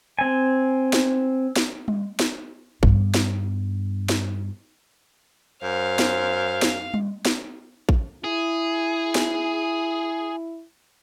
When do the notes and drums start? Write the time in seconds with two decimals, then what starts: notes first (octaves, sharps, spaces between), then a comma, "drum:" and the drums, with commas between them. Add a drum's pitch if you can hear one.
0.19 C4 G#5
0.93 drum: snare
1.56 drum: snare
1.88 drum: tom G3
2.19 drum: snare
2.83 G2 B3, drum: kick A1
3.14 drum: snare
4.09 drum: snare
5.63 F#2 C5 F5
5.99 drum: snare
6.62 drum: snare
6.94 drum: tom G3
7.25 drum: snare
7.89 drum: kick A1
8.24 E4 G#4
9.15 drum: snare